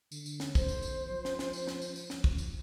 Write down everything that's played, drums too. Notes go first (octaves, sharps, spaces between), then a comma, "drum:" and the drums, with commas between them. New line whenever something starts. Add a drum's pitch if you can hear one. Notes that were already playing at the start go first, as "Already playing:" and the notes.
D3, drum: tambourine
drum: tambourine
drum: snare
B1 C5, drum: kick, tambourine
drum: tambourine
drum: tambourine
F3
drum: snare
drum: snare
drum: tambourine
drum: snare
drum: tambourine
drum: tambourine
drum: snare
drum: kick
drum: tambourine